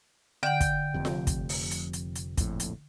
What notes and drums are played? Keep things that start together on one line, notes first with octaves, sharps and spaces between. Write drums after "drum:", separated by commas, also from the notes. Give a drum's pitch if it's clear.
D3 F#5 G5
drum: kick, hi-hat
F1 F2 C3
drum: snare F4
drum: kick, hi-hat
drum: open hi-hat
drum: hi-hat
drum: hi-hat
drum: hi-hat
A#1 F2 A2, drum: kick, hi-hat
drum: hi-hat